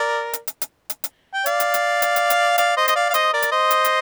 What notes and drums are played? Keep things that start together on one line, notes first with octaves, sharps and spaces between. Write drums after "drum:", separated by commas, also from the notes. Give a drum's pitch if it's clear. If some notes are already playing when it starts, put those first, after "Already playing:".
Already playing: A#4 D5
drum: hi-hat
drum: hi-hat
drum: hi-hat
drum: hi-hat
drum: hi-hat
G5
D5 F5, drum: hi-hat
drum: hi-hat
drum: hi-hat
drum: hi-hat
drum: hi-hat
drum: hi-hat
D5 F5, drum: hi-hat
C5 D#5
D#5, drum: hi-hat
D5 F5
F5
C5 D#5, drum: hi-hat
A#4 D5
drum: hi-hat
C5 D#5
drum: hi-hat
drum: hi-hat